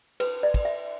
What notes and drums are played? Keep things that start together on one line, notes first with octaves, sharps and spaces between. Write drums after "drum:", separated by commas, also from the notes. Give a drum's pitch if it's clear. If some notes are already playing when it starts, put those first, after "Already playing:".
B4, drum: cymbal
D5
drum: kick, cymbal
E5